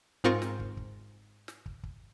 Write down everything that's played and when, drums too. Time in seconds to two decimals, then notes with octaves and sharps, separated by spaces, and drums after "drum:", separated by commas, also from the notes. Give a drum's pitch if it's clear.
0.24 G#2 C4 F4 A#4 C#6
0.42 drum: snare
0.59 drum: kick
0.77 drum: kick
1.48 drum: snare
1.66 drum: kick
1.83 drum: kick